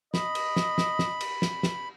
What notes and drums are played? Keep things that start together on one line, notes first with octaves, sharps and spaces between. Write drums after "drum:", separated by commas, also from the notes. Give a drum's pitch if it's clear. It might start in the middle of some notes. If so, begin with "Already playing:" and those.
D#5 B5, drum: snare
drum: cymbal
drum: snare
drum: snare
drum: snare
drum: cymbal
drum: snare
drum: snare